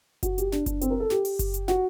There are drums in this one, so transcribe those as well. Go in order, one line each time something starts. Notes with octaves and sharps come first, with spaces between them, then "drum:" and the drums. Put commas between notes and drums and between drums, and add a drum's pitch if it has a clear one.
F#4, drum: kick F#1, hi-hat
G4, drum: hi-hat
D4, drum: snare
D4, drum: kick F#1, hi-hat
C4, drum: hi-hat
A#4
A4
G4, drum: snare
drum: open hi-hat
drum: kick F#1, hi-hat
drum: hi-hat
F#4, drum: snare